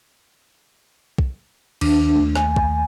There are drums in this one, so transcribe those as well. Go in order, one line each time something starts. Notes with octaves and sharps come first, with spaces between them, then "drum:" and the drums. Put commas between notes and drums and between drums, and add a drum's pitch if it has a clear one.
drum: kick
D#2 D4, drum: cymbal
D#2 A3
G#5, drum: rim click
drum: kick